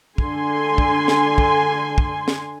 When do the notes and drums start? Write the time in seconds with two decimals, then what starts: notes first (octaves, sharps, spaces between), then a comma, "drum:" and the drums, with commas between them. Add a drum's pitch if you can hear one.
0.18 D3 G#5 C6, drum: kick
0.78 drum: kick
1.08 drum: snare
1.38 drum: kick
1.98 drum: kick
2.28 drum: snare